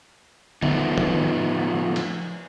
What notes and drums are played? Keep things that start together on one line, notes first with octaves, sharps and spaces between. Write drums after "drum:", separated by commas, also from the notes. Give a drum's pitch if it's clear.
F3 A3 B3 D#4, drum: tom D3
drum: tom
drum: cymbal